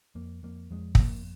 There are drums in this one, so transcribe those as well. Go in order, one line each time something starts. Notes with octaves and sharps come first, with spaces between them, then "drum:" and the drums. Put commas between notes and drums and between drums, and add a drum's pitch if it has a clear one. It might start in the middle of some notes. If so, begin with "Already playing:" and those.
F2 A#3
F2 A#3
F2 G#3
G#3, drum: kick
F2 A#3